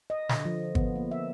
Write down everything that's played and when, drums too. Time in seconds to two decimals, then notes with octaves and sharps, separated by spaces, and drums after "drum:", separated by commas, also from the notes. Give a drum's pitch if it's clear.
0.10 D#5
0.29 D3, drum: snare
0.45 F3
0.75 B3, drum: kick
0.95 A#3
1.11 E5